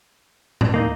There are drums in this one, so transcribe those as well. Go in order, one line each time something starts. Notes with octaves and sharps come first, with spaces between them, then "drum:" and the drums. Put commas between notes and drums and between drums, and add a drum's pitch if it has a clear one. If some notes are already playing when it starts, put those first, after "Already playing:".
drum: tom A2
D#2 A2 A#3 D#4